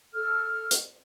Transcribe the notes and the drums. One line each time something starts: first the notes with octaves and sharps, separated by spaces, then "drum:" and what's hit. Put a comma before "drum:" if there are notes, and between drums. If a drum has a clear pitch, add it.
A4 F6
drum: hi-hat